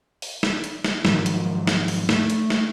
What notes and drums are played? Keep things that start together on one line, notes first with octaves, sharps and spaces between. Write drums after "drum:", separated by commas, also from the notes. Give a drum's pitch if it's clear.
drum: open hi-hat
drum: snare
drum: hi-hat
drum: snare
G#2 D#3 F3 F#3, drum: snare
drum: hi-hat
drum: snare
drum: open hi-hat
A3, drum: snare
drum: hi-hat
drum: snare